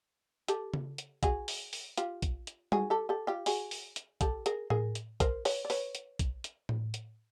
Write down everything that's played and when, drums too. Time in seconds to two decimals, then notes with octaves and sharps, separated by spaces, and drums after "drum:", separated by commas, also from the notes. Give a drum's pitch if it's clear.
0.48 G4 A4, drum: hi-hat
0.74 drum: tom C#3
0.98 drum: hi-hat
1.23 F#4 G#4, drum: kick B1, hi-hat
1.48 drum: open hi-hat
1.73 drum: open hi-hat
1.97 F4 G4, drum: hi-hat
2.22 drum: kick B1, hi-hat
2.47 drum: hi-hat
2.72 F#4 G#4, drum: tom G3
2.90 G4 A4
3.09 G4 A4
3.27 F4 G4
3.46 F#4 G#4, drum: open hi-hat
3.71 drum: open hi-hat
3.96 drum: hi-hat
4.21 G4 A4, drum: kick B1, hi-hat
4.46 G#4 A#4, drum: hi-hat
4.70 G#4 A#4, drum: tom A2
4.95 drum: hi-hat
5.20 A#4 C5, drum: kick B1, hi-hat
5.45 B4 C#5, drum: open hi-hat
5.65 D5
5.70 B4 C#5, drum: open hi-hat
5.95 drum: hi-hat
6.19 drum: kick B1, hi-hat
6.44 drum: hi-hat
6.69 drum: tom A2
6.94 drum: hi-hat